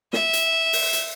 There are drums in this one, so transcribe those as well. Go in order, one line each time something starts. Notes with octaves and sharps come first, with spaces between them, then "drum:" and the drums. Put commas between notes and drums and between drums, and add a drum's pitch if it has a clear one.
E5, drum: snare
drum: hi-hat
drum: open hi-hat
drum: hi-hat